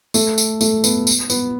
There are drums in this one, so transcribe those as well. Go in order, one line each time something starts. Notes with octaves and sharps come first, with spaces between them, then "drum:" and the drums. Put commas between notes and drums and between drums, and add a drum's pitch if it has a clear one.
A3, drum: tambourine
drum: tambourine
A3, drum: tambourine
B3, drum: tambourine
drum: tambourine
B3, drum: tambourine